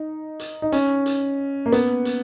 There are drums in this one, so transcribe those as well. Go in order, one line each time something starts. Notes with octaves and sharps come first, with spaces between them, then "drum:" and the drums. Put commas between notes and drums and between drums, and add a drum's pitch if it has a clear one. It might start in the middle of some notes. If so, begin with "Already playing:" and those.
Already playing: D#4
drum: hi-hat
D#4
C#4, drum: hi-hat
drum: hi-hat
A#3
B3, drum: hi-hat
drum: hi-hat